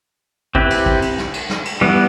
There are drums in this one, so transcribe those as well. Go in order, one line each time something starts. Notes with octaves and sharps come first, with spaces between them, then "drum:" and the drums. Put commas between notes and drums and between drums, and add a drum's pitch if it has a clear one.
C4 E4 G4 B4, drum: kick
drum: cymbal
drum: kick
drum: cymbal
drum: snare
drum: cymbal
drum: snare
drum: cymbal
E3 G3 B3